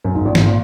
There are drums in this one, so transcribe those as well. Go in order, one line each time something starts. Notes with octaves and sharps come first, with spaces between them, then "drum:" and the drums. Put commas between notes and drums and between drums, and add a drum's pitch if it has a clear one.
F#2
G#1 G#2
A#1 A#2
G#1 G#2, drum: snare
A#2